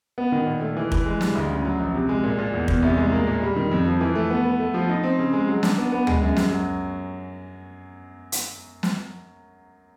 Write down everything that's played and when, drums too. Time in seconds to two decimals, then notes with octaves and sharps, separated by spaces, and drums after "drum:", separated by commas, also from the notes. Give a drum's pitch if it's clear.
0.18 B3
0.32 D#3
0.47 A#2
0.61 A3
0.77 E3
0.92 E3, drum: kick
1.06 G#3
1.21 G2, drum: snare
1.35 D2
1.50 C#3
1.65 F#3
1.80 A#1
1.94 C3
2.09 G#3
2.24 A#2
2.39 A#2
2.53 E2
2.68 E2, drum: kick
2.82 C2
2.97 G#3
3.12 A#3
3.27 A#2
3.42 G3
3.56 D#3
3.71 F2
3.86 F3
4.01 E3
4.15 A3
4.30 B3
4.45 B3
4.60 A3
4.74 F3
4.89 D#4
5.03 C4
5.19 C#3
5.33 G#3
5.48 F#3
5.63 D4, drum: snare
5.77 B3
5.92 B3
6.07 G#3, drum: tom D2
6.21 F#2
6.37 F#3, drum: snare
6.51 F#3
8.32 drum: hi-hat
8.83 drum: snare